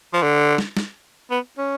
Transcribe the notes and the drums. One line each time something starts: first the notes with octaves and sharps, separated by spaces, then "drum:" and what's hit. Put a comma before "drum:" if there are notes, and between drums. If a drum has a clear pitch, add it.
F3
D3
drum: snare
drum: snare
B3
C#4